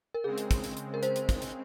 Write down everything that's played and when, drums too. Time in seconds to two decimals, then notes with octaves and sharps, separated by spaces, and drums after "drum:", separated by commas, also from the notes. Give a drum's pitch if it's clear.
0.14 A#4
0.24 C#3 G#3 C4 G#4
0.38 drum: hi-hat
0.51 drum: kick, hi-hat
0.64 drum: hi-hat
0.77 drum: hi-hat
0.94 A#4
1.03 C5, drum: hi-hat
1.16 drum: hi-hat
1.29 drum: kick, hi-hat
1.42 drum: hi-hat